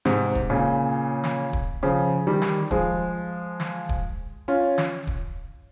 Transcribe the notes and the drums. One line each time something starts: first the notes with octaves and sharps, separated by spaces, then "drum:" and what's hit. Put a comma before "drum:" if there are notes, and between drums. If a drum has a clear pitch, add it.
G#2 C3, drum: snare
drum: kick
A#2 C#3
drum: snare
drum: kick
C#3 F3
D#3 G3
drum: snare
F3 G#3, drum: kick
drum: snare
drum: kick
C#4 F4
drum: snare
drum: kick